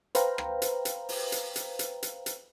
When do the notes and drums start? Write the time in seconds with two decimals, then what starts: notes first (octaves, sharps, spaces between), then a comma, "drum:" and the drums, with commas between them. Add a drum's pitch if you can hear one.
0.15 B4 C5 F5 G5 A#5, drum: hi-hat
0.38 drum: rim click
0.62 drum: hi-hat
0.85 drum: hi-hat
1.09 drum: open hi-hat
1.32 drum: hi-hat
1.56 drum: hi-hat
1.79 drum: hi-hat
2.03 drum: hi-hat
2.26 drum: hi-hat